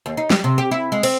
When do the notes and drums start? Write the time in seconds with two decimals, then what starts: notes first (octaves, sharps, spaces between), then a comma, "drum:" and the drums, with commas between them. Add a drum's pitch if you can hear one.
0.06 D#2
0.17 D#4
0.30 G3, drum: snare
0.44 C3
0.58 G4
0.71 E4
0.92 G#3
1.03 C4, drum: cymbal